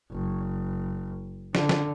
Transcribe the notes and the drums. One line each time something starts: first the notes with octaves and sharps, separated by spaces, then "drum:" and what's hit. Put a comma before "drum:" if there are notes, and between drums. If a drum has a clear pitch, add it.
F#1
D3, drum: snare
drum: snare